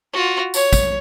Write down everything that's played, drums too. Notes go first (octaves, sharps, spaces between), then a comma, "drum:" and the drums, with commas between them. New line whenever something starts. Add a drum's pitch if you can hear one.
F4 F#4
C#5, drum: tambourine
drum: kick, tambourine